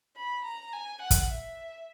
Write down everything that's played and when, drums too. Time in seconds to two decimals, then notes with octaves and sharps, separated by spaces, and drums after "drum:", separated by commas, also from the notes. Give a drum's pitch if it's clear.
0.16 B5
0.44 A#5
0.72 G#5
1.01 F#5
1.11 drum: kick, hi-hat
1.30 E5